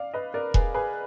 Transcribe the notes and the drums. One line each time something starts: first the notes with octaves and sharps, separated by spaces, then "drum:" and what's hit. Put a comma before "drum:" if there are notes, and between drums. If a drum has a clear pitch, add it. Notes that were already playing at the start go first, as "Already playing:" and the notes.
Already playing: D5 F5
B4 D#5
A#4 D5
G#4 B4, drum: kick E1
G#4 B4